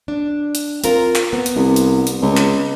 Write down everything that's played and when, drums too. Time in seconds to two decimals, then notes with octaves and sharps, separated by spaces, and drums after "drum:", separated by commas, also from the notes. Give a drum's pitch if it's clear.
0.08 D4
0.55 drum: hi-hat
0.84 C4 F4 A#4, drum: hi-hat
1.16 drum: clap
1.33 B3
1.46 drum: hi-hat
1.56 C2
1.76 drum: hi-hat
2.07 drum: hi-hat
2.22 C#2
2.37 drum: clap